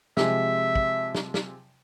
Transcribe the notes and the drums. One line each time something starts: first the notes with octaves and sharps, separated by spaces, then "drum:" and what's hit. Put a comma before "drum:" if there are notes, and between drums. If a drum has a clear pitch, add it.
C3 F3 G#3 E5, drum: snare
drum: kick
drum: snare
drum: snare